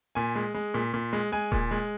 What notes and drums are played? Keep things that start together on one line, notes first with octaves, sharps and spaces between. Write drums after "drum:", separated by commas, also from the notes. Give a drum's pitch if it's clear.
A#2 G#5
G#3
G#3
A#2
A#2
G#3
G#3 G#5
A#2, drum: kick D#1
G#3